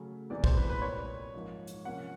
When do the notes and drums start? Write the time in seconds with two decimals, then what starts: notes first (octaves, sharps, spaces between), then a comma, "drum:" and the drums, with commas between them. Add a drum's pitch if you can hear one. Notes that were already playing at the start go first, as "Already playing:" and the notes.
Already playing: C#3 F#3 A3 C#4
0.30 E2 C3 E3 G#3 D5
0.44 C5, drum: kick
0.57 B4
0.70 B4
0.82 A#2 G3 C4 C#5
1.34 G#2 F3 A#3
1.67 drum: hi-hat
1.85 C3 F3 A#3 C#4 F#5